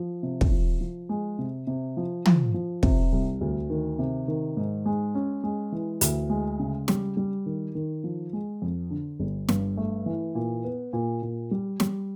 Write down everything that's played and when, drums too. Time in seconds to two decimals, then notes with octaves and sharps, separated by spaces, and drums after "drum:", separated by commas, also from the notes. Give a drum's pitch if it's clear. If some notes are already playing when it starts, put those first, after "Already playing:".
Already playing: F3
0.23 C3
0.41 drum: kick
0.52 F3
0.81 F3
1.09 G#3
1.39 C3
1.67 C3
1.97 F3
2.25 F3, drum: tom
2.54 F3
2.83 C3, drum: kick
3.12 C2
3.41 D2
3.70 D#3
3.99 C3
4.28 D#3
4.57 G#2
4.86 G#3
5.15 C#4
5.44 G#3
5.72 E3
6.01 D2, drum: hi-hat
6.30 G#3
6.59 C#3
6.88 G3, drum: snare
7.17 G3
7.46 D#3
7.75 D#3
8.04 F3
8.33 G#3
8.62 F2
8.91 D3
9.19 G1
9.49 G2, drum: snare
9.77 A3
10.06 E3
10.35 A#2
10.64 B3
10.93 A#2
11.22 A#2
11.51 G3
11.80 G3, drum: snare